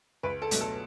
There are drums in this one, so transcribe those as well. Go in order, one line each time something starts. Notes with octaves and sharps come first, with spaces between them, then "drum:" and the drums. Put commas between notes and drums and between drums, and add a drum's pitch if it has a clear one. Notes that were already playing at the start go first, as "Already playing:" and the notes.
C#2 B4
A4
B2 F#3 A3, drum: hi-hat
A4